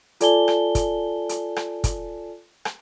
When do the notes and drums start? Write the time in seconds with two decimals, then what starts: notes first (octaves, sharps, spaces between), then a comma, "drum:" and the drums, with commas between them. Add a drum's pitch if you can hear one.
0.21 F4 A4 D5 G#5 A5 G7, drum: hi-hat
0.48 drum: rim click
0.75 drum: kick, hi-hat
1.29 drum: hi-hat
1.56 drum: rim click
1.84 drum: kick, hi-hat
2.65 drum: rim click